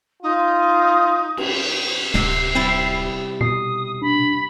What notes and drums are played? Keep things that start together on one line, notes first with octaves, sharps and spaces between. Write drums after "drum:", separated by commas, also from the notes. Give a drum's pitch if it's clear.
D#4 F4
drum: cymbal
D1 C3 C7, drum: snare
G3 C4 E4
B2 D#6 C7
D4 B5